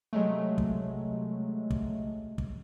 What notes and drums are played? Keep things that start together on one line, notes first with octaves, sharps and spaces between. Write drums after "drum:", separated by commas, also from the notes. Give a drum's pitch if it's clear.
C3 F#3 G#3 A3
drum: kick
drum: kick
drum: kick